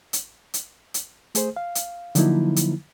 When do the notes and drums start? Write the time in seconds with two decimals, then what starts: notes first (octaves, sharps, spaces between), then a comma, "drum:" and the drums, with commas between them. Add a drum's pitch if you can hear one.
0.13 drum: hi-hat
0.54 drum: hi-hat
0.94 drum: hi-hat
1.35 A3 G#4 C5, drum: hi-hat
1.56 F5
1.75 drum: hi-hat
2.15 D3 F3 F#3 A#3 D#4 E4, drum: hi-hat
2.56 drum: hi-hat